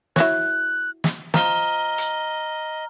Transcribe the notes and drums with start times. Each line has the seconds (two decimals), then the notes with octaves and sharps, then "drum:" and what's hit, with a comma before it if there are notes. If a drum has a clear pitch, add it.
0.16 E4 F#4 C#5 F#6, drum: snare
1.04 drum: snare
1.34 F3 D#5 A#5 F6 G7, drum: snare
1.98 drum: hi-hat